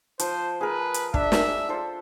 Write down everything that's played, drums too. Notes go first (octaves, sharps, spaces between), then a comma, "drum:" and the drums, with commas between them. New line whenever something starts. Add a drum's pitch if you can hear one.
F3 C5, drum: hi-hat
G#4 A#4 B4
drum: hi-hat
D4 E5, drum: kick
drum: snare
F4 A4 C5